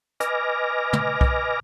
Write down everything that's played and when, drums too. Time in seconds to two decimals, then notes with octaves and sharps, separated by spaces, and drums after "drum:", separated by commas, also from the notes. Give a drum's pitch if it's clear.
0.20 B4 D#5 G#5 D6 F6 A#6, drum: hi-hat
0.93 drum: tom
1.21 drum: kick B1